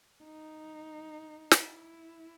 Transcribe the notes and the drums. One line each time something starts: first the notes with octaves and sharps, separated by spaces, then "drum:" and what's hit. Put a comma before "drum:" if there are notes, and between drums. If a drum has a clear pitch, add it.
D#4
E4, drum: snare